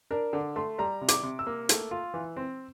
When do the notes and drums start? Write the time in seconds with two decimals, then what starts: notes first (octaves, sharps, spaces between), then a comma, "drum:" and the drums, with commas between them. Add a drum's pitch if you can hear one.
0.11 D4 A#4
0.33 D3
0.56 A3 C6
0.78 G3 A#5
1.01 C3
1.08 D6, drum: hi-hat
1.23 C3
1.39 E6
1.47 A#3
1.69 A3, drum: hi-hat
1.91 F4
2.14 E3
2.37 C4